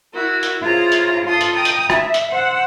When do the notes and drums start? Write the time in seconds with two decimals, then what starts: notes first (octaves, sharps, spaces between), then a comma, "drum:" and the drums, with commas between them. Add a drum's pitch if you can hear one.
0.13 E4 F#4 A#4
0.43 drum: hi-hat
0.61 E4 F4 G#4 C5 C#5 A#5
0.92 drum: hi-hat
1.25 F4 A4 C6 D#6
1.41 drum: hi-hat
1.54 G5 A#5 D#6
1.65 drum: hi-hat
1.90 E5, drum: rim click
2.14 drum: hi-hat
2.30 C5 F#5 E6